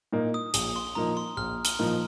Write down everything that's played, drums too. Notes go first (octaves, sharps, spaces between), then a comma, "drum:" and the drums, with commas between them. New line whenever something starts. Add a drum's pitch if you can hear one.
A#2 A#3 D#4
D#6
A#1 D#6, drum: hi-hat
C6
A#2 F3 A#3 D#4 A#5
C6
A#1 F6
F6, drum: hi-hat
A#2 F3 A#3 D#4